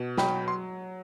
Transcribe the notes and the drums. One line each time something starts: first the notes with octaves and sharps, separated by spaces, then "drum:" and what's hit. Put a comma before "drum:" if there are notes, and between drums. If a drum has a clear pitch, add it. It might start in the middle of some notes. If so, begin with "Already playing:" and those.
Already playing: B2
F#3 G5 B5, drum: snare
C6